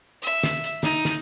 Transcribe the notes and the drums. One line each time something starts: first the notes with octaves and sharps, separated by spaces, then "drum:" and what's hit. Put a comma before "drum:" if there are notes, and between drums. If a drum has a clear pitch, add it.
E5, drum: hi-hat
drum: snare
drum: hi-hat
D#4, drum: snare
drum: snare